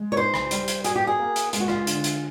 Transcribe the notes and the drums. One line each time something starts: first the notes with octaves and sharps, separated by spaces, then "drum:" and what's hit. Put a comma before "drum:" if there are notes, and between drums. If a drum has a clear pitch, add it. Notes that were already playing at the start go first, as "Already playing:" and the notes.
Already playing: G#3
C#5
D#4 C5
drum: rim click
G3, drum: hi-hat
drum: hi-hat
F#4 G#4, drum: hi-hat
G4
G#4
A#3
drum: hi-hat
G#3 F4, drum: hi-hat
F#4
F4, drum: rim click
D3, drum: hi-hat
drum: hi-hat